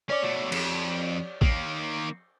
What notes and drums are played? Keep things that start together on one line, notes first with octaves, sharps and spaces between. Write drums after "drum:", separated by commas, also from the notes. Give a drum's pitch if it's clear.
C#4 C#5 D5 D6
B2 A3
F2, drum: cymbal
D#3 A#3, drum: kick A1